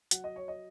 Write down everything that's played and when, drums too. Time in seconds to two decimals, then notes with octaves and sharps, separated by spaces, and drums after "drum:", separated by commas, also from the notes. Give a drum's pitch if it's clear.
0.11 F#3 F#5, drum: hi-hat
0.24 D#5
0.36 C#5
0.48 D#5